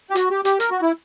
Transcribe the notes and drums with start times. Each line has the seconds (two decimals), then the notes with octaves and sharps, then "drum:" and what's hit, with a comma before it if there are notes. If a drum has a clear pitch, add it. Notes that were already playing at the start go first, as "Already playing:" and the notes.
0.10 G4
0.15 F#4, drum: hi-hat
0.30 G4
0.45 G4, drum: hi-hat
0.60 A#4, drum: hi-hat
0.71 F#4
0.82 E4